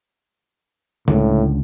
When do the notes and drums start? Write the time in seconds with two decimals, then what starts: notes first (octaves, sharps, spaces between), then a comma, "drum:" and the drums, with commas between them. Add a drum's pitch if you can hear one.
1.08 C#2 A2 D3, drum: tom D3